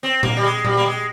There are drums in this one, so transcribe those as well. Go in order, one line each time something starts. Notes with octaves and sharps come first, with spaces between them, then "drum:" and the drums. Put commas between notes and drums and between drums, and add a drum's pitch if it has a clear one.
C4
A#3, drum: tom A#2
G3
G#3
G3, drum: tom A#2
A#3
G#3